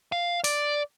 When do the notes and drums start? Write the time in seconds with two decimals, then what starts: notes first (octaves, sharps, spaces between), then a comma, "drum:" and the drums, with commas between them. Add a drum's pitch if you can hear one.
0.12 F5
0.44 D5, drum: open hi-hat